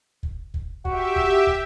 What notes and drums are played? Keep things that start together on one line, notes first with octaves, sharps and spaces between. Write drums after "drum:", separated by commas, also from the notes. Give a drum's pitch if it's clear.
drum: kick
drum: kick
F#4 G4 E5, drum: kick
drum: kick
drum: kick